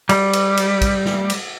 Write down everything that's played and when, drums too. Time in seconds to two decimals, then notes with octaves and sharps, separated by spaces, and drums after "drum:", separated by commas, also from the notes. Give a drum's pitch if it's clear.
0.09 G3, drum: cymbal
0.33 drum: cymbal
0.57 drum: cymbal
0.81 drum: kick, cymbal
1.06 drum: snare
1.30 drum: cymbal